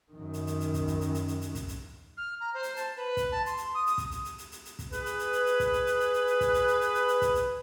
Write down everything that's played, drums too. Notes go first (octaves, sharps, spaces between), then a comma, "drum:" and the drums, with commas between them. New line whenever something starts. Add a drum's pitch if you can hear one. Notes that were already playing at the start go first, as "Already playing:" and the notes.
F#2 D#3
drum: hi-hat
drum: hi-hat
drum: hi-hat
drum: kick, hi-hat
drum: hi-hat
drum: hi-hat
drum: hi-hat
drum: hi-hat
drum: hi-hat
drum: kick, hi-hat
drum: hi-hat
F6
A#5
C5
drum: hi-hat
A5, drum: hi-hat
B4
drum: kick, hi-hat
A5
C6, drum: hi-hat
drum: hi-hat
D#6
D#6, drum: hi-hat
drum: kick, hi-hat
drum: hi-hat
drum: hi-hat
drum: hi-hat
drum: hi-hat
drum: hi-hat
drum: kick, hi-hat
G#4 B4, drum: hi-hat
drum: hi-hat
drum: hi-hat
drum: hi-hat
drum: hi-hat
drum: kick, hi-hat
drum: hi-hat
drum: hi-hat
drum: hi-hat
drum: hi-hat
drum: hi-hat
drum: kick, hi-hat
drum: hi-hat
drum: hi-hat
drum: hi-hat
drum: hi-hat
drum: hi-hat
drum: kick, hi-hat
drum: hi-hat